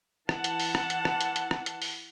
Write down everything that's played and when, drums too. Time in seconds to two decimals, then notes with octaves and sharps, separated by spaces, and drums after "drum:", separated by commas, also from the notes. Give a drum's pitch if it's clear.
0.29 E3 F#5 A5, drum: rim click
0.44 drum: hi-hat
0.60 drum: open hi-hat
0.75 drum: rim click
0.90 drum: hi-hat
1.05 drum: rim click
1.21 drum: hi-hat
1.36 drum: hi-hat
1.51 drum: rim click
1.66 drum: hi-hat
1.82 drum: open hi-hat